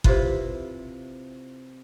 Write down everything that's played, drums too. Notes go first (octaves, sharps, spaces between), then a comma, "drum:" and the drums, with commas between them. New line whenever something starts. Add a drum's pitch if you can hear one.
C3 E4 F4 B4, drum: kick G1